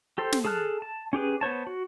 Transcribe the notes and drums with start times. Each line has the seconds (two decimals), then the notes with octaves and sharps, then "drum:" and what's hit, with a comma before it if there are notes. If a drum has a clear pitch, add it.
0.18 G4 A4 C5
0.32 drum: snare
0.45 G#4 A4 A5 F6 F#6
0.82 A5
1.13 C#4 G4 G#4 B4
1.41 B3 C5 C#5 A5
1.67 F#4